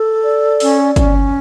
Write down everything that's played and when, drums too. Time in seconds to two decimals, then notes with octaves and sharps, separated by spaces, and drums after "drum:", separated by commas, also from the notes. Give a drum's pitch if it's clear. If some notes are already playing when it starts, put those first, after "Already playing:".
Already playing: A4
0.23 D5
0.60 C#4, drum: open hi-hat
0.96 C#4, drum: kick, hi-hat